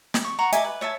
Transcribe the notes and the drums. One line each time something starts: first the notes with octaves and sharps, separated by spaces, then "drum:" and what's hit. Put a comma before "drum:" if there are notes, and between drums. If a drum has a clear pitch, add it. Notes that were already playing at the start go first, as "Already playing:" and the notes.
drum: snare
C#6
F#5 A#5 C#6
D#5 E5 G#5 D6, drum: hi-hat
B4
C#5 E5 G#5 A5